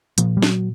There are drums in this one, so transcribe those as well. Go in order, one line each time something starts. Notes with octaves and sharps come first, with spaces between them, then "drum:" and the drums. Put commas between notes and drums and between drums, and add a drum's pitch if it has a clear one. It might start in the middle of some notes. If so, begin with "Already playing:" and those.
A#2 F3, drum: hi-hat
G3
F#3, drum: snare